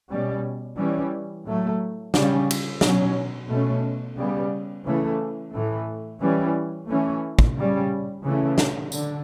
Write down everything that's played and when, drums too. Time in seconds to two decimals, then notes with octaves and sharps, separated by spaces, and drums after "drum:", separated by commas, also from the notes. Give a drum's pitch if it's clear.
0.10 B2 G3 C#4
0.78 E3 G3 C#4
1.46 A2 F#3 A3
2.14 C#3 G3 C#4, drum: snare
2.51 drum: cymbal
2.81 B2 F#3 C#4, drum: snare
3.49 B2 A3 C#4
4.17 C#3 G3 B3
4.84 C#3 E3 A3 C#4
5.52 A2 E3 A3
6.21 E3 G3 C#4
6.89 E3 A3 C#4
7.39 drum: kick
7.56 C#3 G3 C#4
8.24 C#3 E3 A3 C#4
8.58 drum: snare
8.92 D3, drum: tambourine